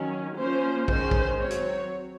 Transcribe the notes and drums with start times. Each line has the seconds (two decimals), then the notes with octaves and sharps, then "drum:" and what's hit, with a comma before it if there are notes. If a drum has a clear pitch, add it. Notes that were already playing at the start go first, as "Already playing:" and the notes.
Already playing: D#3 F#3 C#4
0.36 F3 A#3 C#4 C5
0.88 D#3 G#3 C#4 C5, drum: kick A#1
1.11 drum: kick A#1
1.40 F#3 C4 C#5
1.50 drum: hi-hat